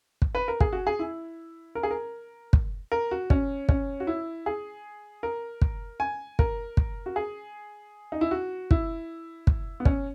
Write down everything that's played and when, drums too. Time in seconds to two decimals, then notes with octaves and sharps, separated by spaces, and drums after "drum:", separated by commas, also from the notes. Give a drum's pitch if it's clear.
0.22 drum: kick
0.35 B4
0.48 A#4
0.61 G#4, drum: kick
0.73 F#4
0.87 G#4
0.99 E4
1.75 A#4
1.83 G#4
1.91 A#4
2.53 drum: kick
2.92 A#4
3.11 F#4
3.30 C#4, drum: kick
3.69 C#4, drum: kick
4.00 F#4
4.07 E4
4.46 G#4
5.23 A#4
5.62 drum: kick
6.00 G#5
6.39 A#4, drum: kick
6.77 drum: kick
7.06 F#4
7.16 G#4
8.12 D#4
8.21 E4
8.31 F#4
8.71 E4, drum: kick
9.47 drum: kick
9.80 B3
9.85 C#4, drum: kick